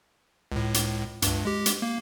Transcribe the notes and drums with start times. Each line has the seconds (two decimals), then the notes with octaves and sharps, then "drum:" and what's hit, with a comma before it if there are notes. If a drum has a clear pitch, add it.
0.52 C#2 A2
0.74 drum: hi-hat
1.22 C#2 G2, drum: hi-hat
1.45 G#3 G4
1.66 drum: hi-hat
1.82 A#3